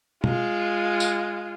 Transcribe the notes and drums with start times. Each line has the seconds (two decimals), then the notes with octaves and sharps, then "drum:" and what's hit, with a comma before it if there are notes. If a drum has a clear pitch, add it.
0.24 G#3 F4, drum: tom
1.00 drum: tambourine